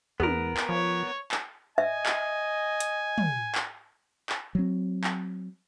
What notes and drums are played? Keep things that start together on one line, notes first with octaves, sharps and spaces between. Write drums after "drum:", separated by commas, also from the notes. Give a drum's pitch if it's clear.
E2 B3 A#4, drum: tom
drum: clap
F3 C#5
drum: clap
D#5 E5 G#5
drum: clap
drum: hi-hat
drum: tom
drum: clap
drum: clap
F#3 C4
drum: clap